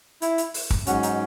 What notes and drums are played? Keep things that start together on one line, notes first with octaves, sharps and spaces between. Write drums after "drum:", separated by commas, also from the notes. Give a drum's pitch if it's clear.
E4, drum: hi-hat
drum: hi-hat
drum: open hi-hat
drum: kick
G#2 F#3 C#4 F#4, drum: hi-hat
D#4, drum: hi-hat